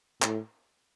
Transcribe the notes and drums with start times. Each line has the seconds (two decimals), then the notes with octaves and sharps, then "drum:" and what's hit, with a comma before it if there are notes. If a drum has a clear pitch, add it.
0.22 A2, drum: clap